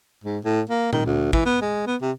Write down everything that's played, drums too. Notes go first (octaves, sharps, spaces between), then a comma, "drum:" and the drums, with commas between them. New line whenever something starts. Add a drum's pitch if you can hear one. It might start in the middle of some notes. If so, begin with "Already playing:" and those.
G#2
A2
A#3
D#3, drum: tom A#2
D2
E3, drum: kick
B3
G#3
B3
C3